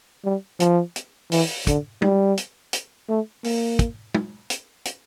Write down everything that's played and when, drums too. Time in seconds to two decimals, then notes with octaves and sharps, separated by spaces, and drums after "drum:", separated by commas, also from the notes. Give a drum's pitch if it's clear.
0.25 G3
0.60 F3, drum: hi-hat
0.96 drum: hi-hat
1.32 E3, drum: open hi-hat
1.67 D3, drum: kick, hi-hat
2.02 G3, drum: tom
2.37 drum: hi-hat
2.73 drum: hi-hat
3.09 A3
3.44 A#3, drum: open hi-hat
3.79 drum: kick, hi-hat
4.14 drum: tom
4.50 drum: hi-hat
4.85 drum: hi-hat